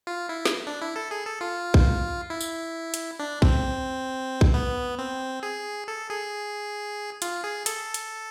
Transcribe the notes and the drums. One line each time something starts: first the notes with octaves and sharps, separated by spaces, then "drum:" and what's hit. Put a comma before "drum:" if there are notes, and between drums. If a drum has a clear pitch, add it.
F4
E4
drum: snare
D4
E4
A4
G#4
A4
F4
drum: kick
E4
drum: tambourine
drum: hi-hat
D4
C4, drum: kick
drum: kick
B3
C4
G#4
A4
G#4
F4, drum: hi-hat
G#4
A4, drum: hi-hat
drum: hi-hat